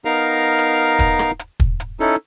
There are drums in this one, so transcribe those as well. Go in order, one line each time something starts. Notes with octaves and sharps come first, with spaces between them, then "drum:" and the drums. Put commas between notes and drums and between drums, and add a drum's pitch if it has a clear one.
B3 D#4 A#4 F5 A#5
drum: hi-hat
drum: kick, hi-hat
drum: rim click
drum: hi-hat
drum: kick
drum: hi-hat
C#4 D#4 E4 A4